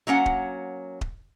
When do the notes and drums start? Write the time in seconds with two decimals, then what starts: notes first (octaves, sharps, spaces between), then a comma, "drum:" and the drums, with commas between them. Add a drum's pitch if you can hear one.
0.07 F#3 A#3 C#4 F#5
0.26 drum: kick D#1
1.01 drum: kick D#1